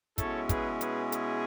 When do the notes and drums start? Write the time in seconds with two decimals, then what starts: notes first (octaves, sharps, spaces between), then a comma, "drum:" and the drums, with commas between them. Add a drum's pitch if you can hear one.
0.18 B2 G#3 C#4 E4 A4 C#5, drum: kick, hi-hat
0.49 G#4 B4, drum: kick, hi-hat
0.81 G#4 B4, drum: hi-hat
1.12 G#4, drum: hi-hat